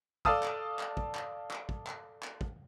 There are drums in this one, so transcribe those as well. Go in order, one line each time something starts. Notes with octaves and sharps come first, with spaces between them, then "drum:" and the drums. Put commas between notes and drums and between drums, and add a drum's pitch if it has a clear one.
A4 D5 F5 A5 D#6 E6, drum: kick
drum: clap
drum: clap
drum: kick
drum: clap
drum: clap
drum: kick
drum: clap
drum: clap
drum: kick